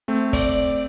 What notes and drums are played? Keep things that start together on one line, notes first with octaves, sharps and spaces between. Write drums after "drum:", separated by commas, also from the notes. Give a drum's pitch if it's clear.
A3 C4
D5, drum: kick, hi-hat